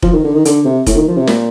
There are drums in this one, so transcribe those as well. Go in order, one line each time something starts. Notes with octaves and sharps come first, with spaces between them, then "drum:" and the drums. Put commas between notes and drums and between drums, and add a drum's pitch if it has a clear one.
F3, drum: kick F1
D#3
D3
D#3
D3, drum: hi-hat
C3
A2, drum: kick F1, hi-hat
D#3
F3
C3
A#2, drum: snare